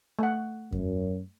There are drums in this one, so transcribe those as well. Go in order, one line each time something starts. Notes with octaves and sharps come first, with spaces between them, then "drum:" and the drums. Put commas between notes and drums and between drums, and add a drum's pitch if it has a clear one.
A3 F#5
F#2, drum: kick E2